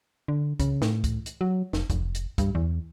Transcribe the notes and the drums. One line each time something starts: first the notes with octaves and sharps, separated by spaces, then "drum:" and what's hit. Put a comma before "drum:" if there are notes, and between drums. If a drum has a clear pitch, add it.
D3
C#3, drum: kick, hi-hat
A2, drum: snare
drum: kick, hi-hat
drum: hi-hat
F#3
F1, drum: snare
F1, drum: kick, hi-hat
drum: hi-hat
G2, drum: kick, hi-hat
E2